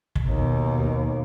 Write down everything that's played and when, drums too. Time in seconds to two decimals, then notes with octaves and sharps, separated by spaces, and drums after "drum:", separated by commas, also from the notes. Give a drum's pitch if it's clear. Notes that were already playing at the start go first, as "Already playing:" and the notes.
0.15 drum: kick
0.26 D#2 B2